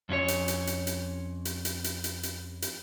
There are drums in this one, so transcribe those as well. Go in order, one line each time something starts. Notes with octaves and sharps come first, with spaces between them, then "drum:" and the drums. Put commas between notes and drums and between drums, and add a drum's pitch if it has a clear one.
F2 C#4 E4 C#5
drum: hi-hat
drum: hi-hat
drum: hi-hat
drum: hi-hat
drum: hi-hat
drum: hi-hat
drum: hi-hat
drum: hi-hat
drum: hi-hat
drum: hi-hat